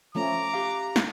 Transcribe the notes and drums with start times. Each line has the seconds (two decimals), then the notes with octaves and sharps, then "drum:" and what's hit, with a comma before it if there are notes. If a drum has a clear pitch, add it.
0.15 F3 A3 C#4 A#5 D6
0.53 G4 F5
0.96 drum: snare